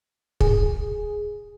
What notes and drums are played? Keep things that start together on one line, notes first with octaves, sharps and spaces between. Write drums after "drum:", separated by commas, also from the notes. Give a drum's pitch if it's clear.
G#4, drum: kick